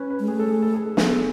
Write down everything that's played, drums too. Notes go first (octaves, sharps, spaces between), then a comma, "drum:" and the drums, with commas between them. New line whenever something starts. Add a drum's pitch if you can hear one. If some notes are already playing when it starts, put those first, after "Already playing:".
Already playing: C#4 B4
B4
G#3
A3 G#4
A4
G#4
A4
G#4
A4
B3 G#4, drum: snare
A4